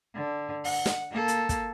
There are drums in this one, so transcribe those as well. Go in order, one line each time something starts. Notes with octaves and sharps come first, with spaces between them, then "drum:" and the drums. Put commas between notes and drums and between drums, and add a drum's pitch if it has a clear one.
D3
F#5, drum: open hi-hat
drum: snare
A#3 A4
drum: hi-hat
drum: kick, hi-hat